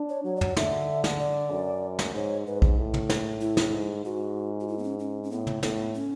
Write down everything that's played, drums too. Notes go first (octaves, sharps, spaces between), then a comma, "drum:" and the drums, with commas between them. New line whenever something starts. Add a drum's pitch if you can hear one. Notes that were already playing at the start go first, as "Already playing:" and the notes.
Already playing: D4
C#5
F#3 C#5
D5
C#5, drum: tom
D3 E5, drum: snare
drum: snare
D5
F#2
drum: snare
G#2 C#5
G#2 B4
drum: kick A#1
A2
drum: tom
drum: snare
E4
drum: snare
G#2
G#2 F#4
F#4
E4
B3
C#4
C#4
C#4
A2 B3
drum: tom
A2 B3, drum: snare
C#4